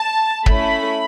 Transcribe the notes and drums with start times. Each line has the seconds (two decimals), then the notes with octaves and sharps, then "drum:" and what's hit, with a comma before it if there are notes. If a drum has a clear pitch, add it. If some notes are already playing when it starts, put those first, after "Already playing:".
Already playing: A5
0.46 A3 C#4 E4 B5, drum: kick